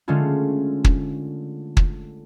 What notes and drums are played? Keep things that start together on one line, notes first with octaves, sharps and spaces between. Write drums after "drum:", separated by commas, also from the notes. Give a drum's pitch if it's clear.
D3 G#3 A3 C#4 F4
drum: kick
drum: kick